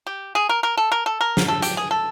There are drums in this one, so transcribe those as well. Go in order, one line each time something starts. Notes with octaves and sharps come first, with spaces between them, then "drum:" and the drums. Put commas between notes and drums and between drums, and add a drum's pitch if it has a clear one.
G4
G#4
A#4
A#4
A4
A#4
A4
A#4
drum: snare
A4
G4, drum: hi-hat
G#4
A4